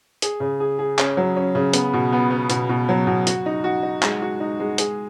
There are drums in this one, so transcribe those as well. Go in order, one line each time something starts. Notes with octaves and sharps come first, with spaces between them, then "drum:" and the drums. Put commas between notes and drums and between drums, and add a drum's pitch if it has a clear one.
G#4, drum: hi-hat
C#3
G#4
G#4
C#4, drum: clap
F#3
C#4
C#3
B3, drum: hi-hat
B2
B3
B3
B2, drum: hi-hat
B2
F#3
B2
F#4, drum: hi-hat
D#4
F#4
D#4
G#3, drum: clap
F#4
D#4
G#3
G#4, drum: hi-hat